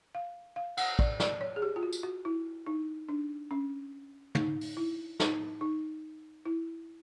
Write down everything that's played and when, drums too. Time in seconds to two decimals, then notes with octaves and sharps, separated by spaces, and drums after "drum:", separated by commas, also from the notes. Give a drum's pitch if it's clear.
0.15 F5
0.56 F5
0.77 F#5, drum: cymbal
0.99 D5, drum: kick
1.20 D5, drum: snare
1.41 C#5
1.56 G#4
1.62 G4
1.76 F4
1.83 F#4
1.93 drum: tambourine
2.03 F#4
2.25 E4
2.66 D#4
3.09 D4
3.51 C#4
4.35 D#4, drum: tom
4.61 drum: open hi-hat
4.77 E4
5.20 D#4, drum: snare
5.61 D#4
6.45 E4